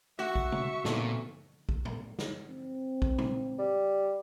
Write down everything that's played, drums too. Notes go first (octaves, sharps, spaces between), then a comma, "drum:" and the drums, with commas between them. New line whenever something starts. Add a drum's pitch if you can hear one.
A3 F#4 E5 C#6
drum: kick A#1
drum: tom B2
A#2 B3 C4 A4, drum: snare
drum: kick A#1
drum: tom A2
drum: snare
C4
drum: kick A#1
drum: tom
G3